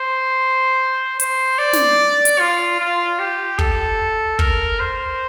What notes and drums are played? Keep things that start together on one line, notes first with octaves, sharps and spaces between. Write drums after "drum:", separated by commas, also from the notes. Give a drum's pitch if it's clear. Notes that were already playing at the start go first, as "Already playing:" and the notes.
Already playing: C5
C5, drum: hi-hat
D5
drum: snare
drum: hi-hat
F4
F4
G4
A4, drum: kick
A#4, drum: kick
C5